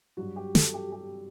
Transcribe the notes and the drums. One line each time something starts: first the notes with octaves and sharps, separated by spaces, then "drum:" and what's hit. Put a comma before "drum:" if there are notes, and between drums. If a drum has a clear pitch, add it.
G2 F#3 F#4
G4
A4, drum: snare
G4
G4